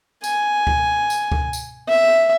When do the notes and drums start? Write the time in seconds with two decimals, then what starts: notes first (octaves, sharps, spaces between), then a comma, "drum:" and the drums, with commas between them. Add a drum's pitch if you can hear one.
0.24 G#5, drum: tambourine
0.67 drum: kick C#2
1.10 drum: tambourine
1.32 drum: kick C#2
1.53 drum: tambourine
1.89 E5